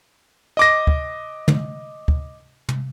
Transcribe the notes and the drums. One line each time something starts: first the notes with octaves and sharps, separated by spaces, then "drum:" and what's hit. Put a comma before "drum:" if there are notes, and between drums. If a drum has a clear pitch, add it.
D#5 D6 A#6
drum: kick
drum: tom
drum: kick
drum: tom